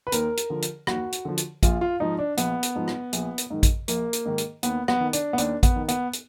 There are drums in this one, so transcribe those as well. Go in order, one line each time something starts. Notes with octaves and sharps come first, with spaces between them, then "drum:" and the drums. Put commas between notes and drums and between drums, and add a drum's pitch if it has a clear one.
B4
D#2 A#4, drum: hi-hat
drum: hi-hat
D3 F3
drum: hi-hat
D#2 F#4, drum: rim click
drum: hi-hat
D3 F3
drum: hi-hat
A#1 F4, drum: kick A1, hi-hat
F4
G#2 F3 D#4
D4
A#1 B3, drum: hi-hat
drum: hi-hat
G#2 F3
drum: rim click
A#1, drum: hi-hat
drum: hi-hat
G#2 D#3
drum: kick A1, hi-hat
A#1 A#3, drum: hi-hat
drum: hi-hat
G#2 D#3
drum: hi-hat
D#2 B3, drum: hi-hat
B3, drum: rim click
D#3
D4, drum: hi-hat
B3
D#2 D4, drum: hi-hat
B3, drum: kick A1, hi-hat
D#3
B3, drum: hi-hat
drum: hi-hat